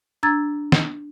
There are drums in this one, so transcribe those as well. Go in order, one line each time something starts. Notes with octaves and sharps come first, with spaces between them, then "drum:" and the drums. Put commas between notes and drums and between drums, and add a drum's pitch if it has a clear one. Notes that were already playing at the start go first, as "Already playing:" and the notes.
D4 A#5 E6 G#6 A6
drum: snare